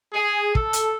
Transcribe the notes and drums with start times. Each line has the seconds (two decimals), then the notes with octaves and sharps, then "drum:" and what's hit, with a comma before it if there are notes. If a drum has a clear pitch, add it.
0.13 G#4
0.55 A4, drum: kick
0.73 drum: hi-hat